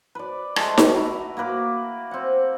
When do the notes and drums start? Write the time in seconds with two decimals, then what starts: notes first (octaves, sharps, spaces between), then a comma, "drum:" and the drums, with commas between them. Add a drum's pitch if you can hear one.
0.15 B4 D5
0.56 G#3 A3 A5, drum: rim click
0.78 F#4, drum: snare D#4
0.97 E4 B4 A#5
1.37 A#3 F#4 B4 D6
2.11 C4 F#5